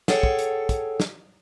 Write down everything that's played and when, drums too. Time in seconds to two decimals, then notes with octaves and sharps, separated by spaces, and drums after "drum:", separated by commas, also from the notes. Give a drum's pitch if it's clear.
0.08 G#4 A4 C#5 F#5 G5, drum: snare
0.23 drum: kick
0.39 drum: hi-hat
0.69 drum: kick, hi-hat
1.00 drum: snare